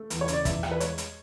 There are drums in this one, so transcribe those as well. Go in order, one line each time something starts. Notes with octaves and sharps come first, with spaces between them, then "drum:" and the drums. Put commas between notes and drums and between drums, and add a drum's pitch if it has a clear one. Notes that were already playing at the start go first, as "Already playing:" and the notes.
Already playing: A3
E2, drum: hi-hat
C#5
C#3, drum: hi-hat
D5
E2 E5, drum: kick, hi-hat
E2, drum: rim click
B4
G#3 C#5, drum: hi-hat
drum: hi-hat